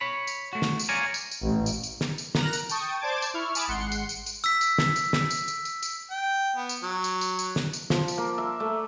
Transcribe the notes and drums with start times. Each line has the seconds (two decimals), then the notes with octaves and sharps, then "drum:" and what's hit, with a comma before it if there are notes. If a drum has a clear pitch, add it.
0.01 C#5 B5
0.27 drum: tambourine
0.53 A3 F#4
0.62 drum: snare
0.79 drum: tambourine
0.89 C#5 D5 F5 G#5 A#5
1.14 drum: tambourine
1.31 drum: tambourine
1.44 A1
1.66 drum: tambourine
1.83 drum: tambourine
2.01 drum: snare
2.18 drum: tambourine
2.35 A#4 A#5 F#6 A#6, drum: snare
2.53 drum: tambourine
2.69 G5 A5 C#6 D#6, drum: tambourine
3.00 C5 D5 A5 D6 G#6 A6
3.22 drum: tambourine
3.34 E4 C#6 F6
3.55 G#5 A5 B5 D6 D#6 F6, drum: tambourine
3.68 G#1 G#3 F#5 C6 C#7
3.92 drum: tambourine
4.09 drum: tambourine
4.26 drum: tambourine
4.44 E6 B6, drum: tambourine
4.61 drum: tambourine
4.78 drum: snare
4.96 drum: tambourine
5.13 drum: snare
5.30 drum: tambourine
5.48 drum: tambourine
5.65 drum: tambourine
5.83 drum: tambourine
6.11 G5
6.57 B3
6.69 drum: tambourine
6.83 F#3
7.04 drum: tambourine
7.21 drum: tambourine
7.39 drum: tambourine
7.56 drum: snare
7.73 drum: tambourine
7.90 F3, drum: snare
8.08 drum: tambourine
8.18 A#3
8.38 E5
8.60 A3